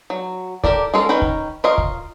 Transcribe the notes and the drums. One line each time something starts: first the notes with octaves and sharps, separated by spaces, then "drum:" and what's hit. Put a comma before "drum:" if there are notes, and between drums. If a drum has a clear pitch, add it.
F#3
G4 A4 A#4 D5, drum: kick
G#3 C#4 F4 A4 A#4
D#3 C#4 B4 G5 A#5
drum: kick
F4 A#4 C#5 D#5 F5
drum: kick